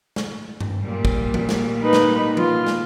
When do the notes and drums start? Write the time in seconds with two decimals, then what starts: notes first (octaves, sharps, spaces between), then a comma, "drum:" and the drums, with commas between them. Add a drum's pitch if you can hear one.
0.16 drum: snare
0.61 drum: tom G2
0.82 A#2 G3
1.05 drum: kick
1.34 drum: tom E3
1.49 drum: snare
1.81 D#4 B4
1.93 drum: snare
2.37 F4, drum: tom E3
2.67 drum: snare